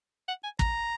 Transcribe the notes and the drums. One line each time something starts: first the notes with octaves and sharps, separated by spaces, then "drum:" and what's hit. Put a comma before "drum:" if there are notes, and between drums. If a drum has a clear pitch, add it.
F#5
G#5
A#5, drum: kick